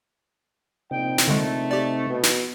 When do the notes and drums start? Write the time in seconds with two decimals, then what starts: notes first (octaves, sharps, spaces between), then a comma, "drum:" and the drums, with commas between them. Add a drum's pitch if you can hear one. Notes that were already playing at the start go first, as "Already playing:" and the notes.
0.91 A#1 C3 C4 D#4 G5
1.18 drum: snare
1.28 D3 G#3 A3
1.71 G4 D5
2.10 B2
2.23 drum: snare